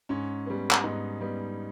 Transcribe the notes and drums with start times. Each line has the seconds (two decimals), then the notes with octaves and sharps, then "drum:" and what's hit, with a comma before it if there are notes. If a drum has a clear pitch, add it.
0.09 G#2 C#4
0.46 G3 B3
0.71 drum: clap
0.83 G#2 B3 D#4
1.21 G3 B3